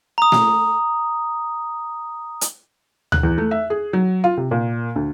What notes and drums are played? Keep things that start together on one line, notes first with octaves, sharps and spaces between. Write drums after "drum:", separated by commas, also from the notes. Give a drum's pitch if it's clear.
A#5 D#6
drum: snare A3
drum: hi-hat
F#6, drum: tom D2
E2
A3
E5
G#4
F#3
F4
C3
A#2
D2